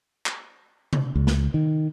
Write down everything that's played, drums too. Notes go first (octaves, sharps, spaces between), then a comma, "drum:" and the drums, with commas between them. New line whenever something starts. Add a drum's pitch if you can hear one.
drum: clap
drum: tom C3
C#2
drum: snare
D#3